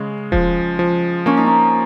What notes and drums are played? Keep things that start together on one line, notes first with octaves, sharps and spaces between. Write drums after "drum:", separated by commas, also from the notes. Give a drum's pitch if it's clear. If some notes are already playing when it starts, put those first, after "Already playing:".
Already playing: C#3 G#3 C#4
F3, drum: kick D#1
F3
A#3 C#4
D#4
C#4